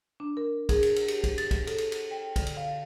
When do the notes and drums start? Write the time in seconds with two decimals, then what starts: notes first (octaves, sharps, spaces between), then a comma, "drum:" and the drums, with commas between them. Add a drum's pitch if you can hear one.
0.20 D4
0.37 A#4
0.69 G#4, drum: kick, cymbal
0.83 drum: cymbal
0.96 drum: cymbal
1.08 G4, drum: cymbal
1.24 drum: kick, cymbal
1.38 A6, drum: cymbal
1.51 drum: kick, cymbal
1.67 A4, drum: cymbal
1.78 drum: cymbal
1.92 drum: cymbal
2.11 G5
2.36 D3, drum: kick, cymbal
2.47 drum: cymbal
2.57 F5